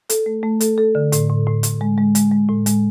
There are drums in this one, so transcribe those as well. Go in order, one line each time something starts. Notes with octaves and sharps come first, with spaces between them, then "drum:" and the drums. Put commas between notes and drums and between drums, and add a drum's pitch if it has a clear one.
A4, drum: hi-hat
A3
A3
A4, drum: hi-hat
A4
D3
A2, drum: hi-hat
A2
A2
A2, drum: hi-hat
G#3
G#3
G#3, drum: hi-hat
G#3
A2
G#3, drum: hi-hat